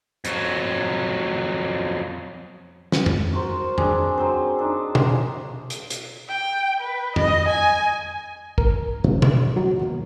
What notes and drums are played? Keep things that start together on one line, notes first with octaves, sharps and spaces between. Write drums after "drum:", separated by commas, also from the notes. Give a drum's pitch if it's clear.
F2 F#3, drum: hi-hat
drum: snare
drum: tom F2
F#4 A#4 C5
C4 D4 G#4, drum: tom F2
F#3 C4 C5
D4 D#4
drum: tom
drum: hi-hat
drum: hi-hat
G5
B4
D#5, drum: tom F2
G#5
A#4, drum: kick
B2 F3 A3
C3 A3 D4, drum: tom
G#2 B2 D#3 F#3
D#2 D#3 A#3